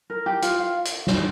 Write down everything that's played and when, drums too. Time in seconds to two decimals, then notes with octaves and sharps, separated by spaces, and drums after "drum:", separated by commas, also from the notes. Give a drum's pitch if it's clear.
0.10 A#4
0.26 G4
0.42 F4, drum: hi-hat
0.59 F5
0.85 drum: hi-hat
1.07 drum: snare